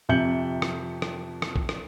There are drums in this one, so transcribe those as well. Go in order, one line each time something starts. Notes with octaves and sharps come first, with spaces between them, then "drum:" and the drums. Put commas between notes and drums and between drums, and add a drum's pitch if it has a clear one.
F2 C3 E5 G6 C#7 F#7
drum: rim click
drum: rim click
drum: rim click
drum: kick B1
drum: rim click